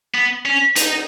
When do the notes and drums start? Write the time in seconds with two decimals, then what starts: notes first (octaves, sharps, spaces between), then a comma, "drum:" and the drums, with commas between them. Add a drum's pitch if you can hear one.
0.15 B3
0.46 C#4
0.76 D#4, drum: hi-hat